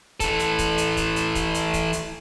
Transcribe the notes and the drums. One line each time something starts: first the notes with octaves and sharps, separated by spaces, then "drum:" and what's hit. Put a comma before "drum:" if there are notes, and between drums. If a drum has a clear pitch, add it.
E3 A4, drum: kick C#1, hi-hat
drum: hi-hat
drum: kick C#1, hi-hat
drum: hi-hat
drum: kick C#1, hi-hat
drum: hi-hat
drum: kick C#1, hi-hat
drum: hi-hat
drum: kick C#1, hi-hat
drum: hi-hat